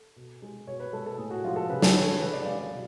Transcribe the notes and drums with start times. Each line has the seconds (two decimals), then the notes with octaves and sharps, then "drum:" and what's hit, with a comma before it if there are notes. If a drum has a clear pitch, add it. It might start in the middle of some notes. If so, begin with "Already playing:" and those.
Already playing: A4
0.16 B2
0.42 G#3
0.67 B2 C#5
0.80 B4
0.93 G#3 A4
1.06 A4
1.18 A2 G#4
1.31 F#4
1.43 F3 G#3 F4
1.56 A4
1.70 C#3 B4
1.82 A4, drum: snare
1.94 G#3 C#5
2.20 C#3 B4
2.33 D5
2.45 G#3 F5
2.59 D5
2.71 B2